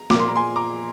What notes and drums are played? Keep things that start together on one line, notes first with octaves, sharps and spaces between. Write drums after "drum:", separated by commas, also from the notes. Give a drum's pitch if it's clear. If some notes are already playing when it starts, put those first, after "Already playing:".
Already playing: A#5
A#2 F3 D6, drum: snare
C6
A#5
G#5 C6
A#5 D6